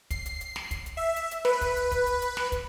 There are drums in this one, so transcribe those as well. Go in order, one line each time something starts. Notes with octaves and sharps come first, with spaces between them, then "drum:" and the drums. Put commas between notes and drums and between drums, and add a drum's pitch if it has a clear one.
C7, drum: kick, hi-hat
drum: hi-hat
drum: hi-hat
drum: snare
drum: kick, hi-hat
drum: hi-hat
E5
drum: hi-hat
drum: hi-hat
B4, drum: snare
drum: kick, hi-hat
drum: hi-hat
drum: kick, hi-hat
drum: hi-hat
drum: hi-hat
drum: snare
drum: kick, hi-hat